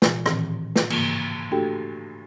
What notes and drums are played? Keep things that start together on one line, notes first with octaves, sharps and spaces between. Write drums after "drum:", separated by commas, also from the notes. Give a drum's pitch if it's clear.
A#2 E3 G#5, drum: snare
A2 D#3 E3 C4, drum: rim click
drum: snare
G#2 C#3 E3 A#3, drum: cymbal
A3 D4 F#4 G4 A4 G5